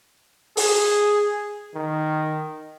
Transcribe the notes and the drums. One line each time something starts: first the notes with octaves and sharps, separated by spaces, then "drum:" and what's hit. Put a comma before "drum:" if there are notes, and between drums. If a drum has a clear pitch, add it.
G#4, drum: open hi-hat
D#3